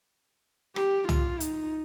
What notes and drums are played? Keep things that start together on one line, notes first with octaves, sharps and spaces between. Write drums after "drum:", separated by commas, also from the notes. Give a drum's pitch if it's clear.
G4, drum: rim click
F4, drum: tom
D#4, drum: hi-hat